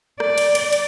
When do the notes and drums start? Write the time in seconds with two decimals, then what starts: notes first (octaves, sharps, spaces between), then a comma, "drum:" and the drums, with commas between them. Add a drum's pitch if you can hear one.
0.20 D5, drum: rim click
0.38 drum: cymbal
0.55 drum: cymbal
0.72 drum: cymbal